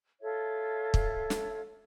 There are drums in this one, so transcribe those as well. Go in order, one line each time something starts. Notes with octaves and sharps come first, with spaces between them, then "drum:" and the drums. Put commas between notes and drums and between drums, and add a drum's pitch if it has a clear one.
F4 A4 C#5 E5
drum: kick
drum: snare